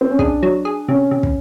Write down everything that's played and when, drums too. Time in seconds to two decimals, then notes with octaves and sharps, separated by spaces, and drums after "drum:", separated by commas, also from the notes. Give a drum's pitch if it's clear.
0.01 C4
0.10 C#4
0.19 D4 G#4, drum: kick
0.43 F#3
0.65 G#4
0.89 C3 C#4
1.11 C3
1.23 drum: kick